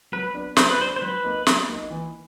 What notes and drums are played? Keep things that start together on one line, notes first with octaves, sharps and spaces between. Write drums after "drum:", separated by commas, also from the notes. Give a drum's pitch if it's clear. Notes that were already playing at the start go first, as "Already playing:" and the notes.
F#3 B4
B3 D4
F#3 C5, drum: snare
B4
B3 D4 C5
C5
F#3 B4
A#3 D#4
F#3, drum: snare
A#3 D#4
E3